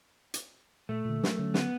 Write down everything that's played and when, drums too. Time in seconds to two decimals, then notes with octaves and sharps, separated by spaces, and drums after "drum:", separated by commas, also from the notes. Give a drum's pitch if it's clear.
0.34 drum: hi-hat
0.89 A#2 A3
1.06 A#2 D3
1.23 F#3 A#4, drum: snare
1.39 D3 F#3 C#4
1.54 B3, drum: snare